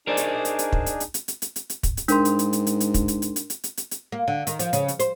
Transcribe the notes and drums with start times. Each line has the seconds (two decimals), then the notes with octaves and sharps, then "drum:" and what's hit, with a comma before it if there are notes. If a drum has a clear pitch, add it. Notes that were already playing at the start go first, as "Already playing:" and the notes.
0.07 D4 D#4 G#4 A#4 C5 D5
0.17 drum: hi-hat
0.45 drum: hi-hat
0.59 drum: hi-hat
0.73 drum: kick
0.86 drum: hi-hat
1.00 drum: hi-hat
1.14 drum: hi-hat
1.28 drum: hi-hat
1.42 drum: hi-hat
1.56 drum: hi-hat
1.70 drum: hi-hat
1.83 drum: kick, hi-hat
1.97 drum: hi-hat
2.08 G#2 D4 A#4 C6, drum: hi-hat
2.25 drum: hi-hat
2.39 drum: hi-hat
2.53 drum: hi-hat
2.67 drum: hi-hat
2.80 drum: hi-hat
2.94 drum: kick, hi-hat
3.08 drum: hi-hat
3.22 drum: hi-hat
3.36 drum: hi-hat
3.50 drum: hi-hat
3.64 drum: hi-hat
3.77 drum: hi-hat
3.91 drum: hi-hat
4.12 A#3
4.28 D3
4.47 D#3, drum: hi-hat
4.59 F3, drum: hi-hat
4.73 C#3, drum: hi-hat
4.88 drum: hi-hat
5.00 C5, drum: hi-hat